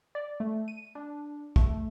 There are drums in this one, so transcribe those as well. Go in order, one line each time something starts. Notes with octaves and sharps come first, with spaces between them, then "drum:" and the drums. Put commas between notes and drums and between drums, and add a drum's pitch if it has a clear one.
D5
A3
D#7
D4
A3, drum: kick